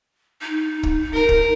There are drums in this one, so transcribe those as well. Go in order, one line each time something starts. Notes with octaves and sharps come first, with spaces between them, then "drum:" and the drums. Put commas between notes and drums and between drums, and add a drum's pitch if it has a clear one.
D#4
drum: kick
A#4
drum: kick